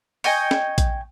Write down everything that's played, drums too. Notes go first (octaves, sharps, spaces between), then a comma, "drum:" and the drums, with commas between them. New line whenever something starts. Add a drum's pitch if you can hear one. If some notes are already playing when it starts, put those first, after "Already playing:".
D#5 G5 G#5 C#6, drum: open hi-hat
drum: snare
drum: kick A#1, hi-hat